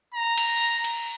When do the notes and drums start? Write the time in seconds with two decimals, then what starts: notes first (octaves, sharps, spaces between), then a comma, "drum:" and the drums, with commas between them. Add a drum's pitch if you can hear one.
0.14 A#5
0.38 drum: cymbal
0.84 drum: cymbal